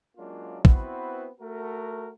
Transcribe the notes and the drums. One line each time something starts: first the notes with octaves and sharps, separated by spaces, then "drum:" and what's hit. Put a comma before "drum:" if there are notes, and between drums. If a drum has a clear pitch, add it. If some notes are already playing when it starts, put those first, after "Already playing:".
F#3 G#3 A#3 C#4 D4 F4
B3 C4 E4 F#4 B4 C5, drum: kick
A3 F#4 A#4